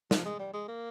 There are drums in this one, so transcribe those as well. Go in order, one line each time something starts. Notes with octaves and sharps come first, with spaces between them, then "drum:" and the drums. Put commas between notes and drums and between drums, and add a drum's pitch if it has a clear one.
F3, drum: snare
G#3
G3
G#3
A#3